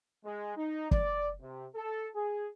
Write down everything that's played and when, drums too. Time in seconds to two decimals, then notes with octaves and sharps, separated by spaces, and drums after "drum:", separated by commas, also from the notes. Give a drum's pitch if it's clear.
0.25 G#3
0.57 D#4
0.91 D5, drum: kick
1.41 C3
1.75 A4
2.16 G#4